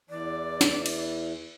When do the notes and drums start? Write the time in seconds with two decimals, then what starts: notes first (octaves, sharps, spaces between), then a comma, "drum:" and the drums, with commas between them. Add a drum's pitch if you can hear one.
0.10 E2 E3 D5
0.61 drum: snare
0.86 drum: cymbal